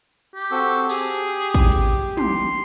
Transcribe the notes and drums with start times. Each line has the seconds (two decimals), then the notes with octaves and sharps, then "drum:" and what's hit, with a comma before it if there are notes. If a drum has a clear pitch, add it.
0.35 G4
0.51 C4 F#4 A4
0.89 G4 G#4, drum: tambourine
1.54 drum: kick
1.72 drum: hi-hat
2.17 C6, drum: tom